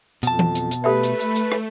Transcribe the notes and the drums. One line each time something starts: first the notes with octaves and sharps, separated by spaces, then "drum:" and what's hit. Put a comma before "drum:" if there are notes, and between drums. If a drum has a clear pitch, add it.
F2 B2 A5, drum: hi-hat
drum: tom
drum: hi-hat
drum: hi-hat
A3 G4 A4 B4 E5
drum: hi-hat
drum: hi-hat
drum: hi-hat
drum: rim click